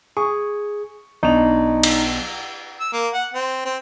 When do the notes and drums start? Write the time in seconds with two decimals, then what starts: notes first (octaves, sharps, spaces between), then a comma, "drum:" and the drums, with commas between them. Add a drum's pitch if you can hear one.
0.17 G#4 C#6
1.23 B1 D4 D#4 F7
1.83 drum: cymbal
2.80 E6
2.92 A#3
3.14 F#5
3.34 C4
3.65 C4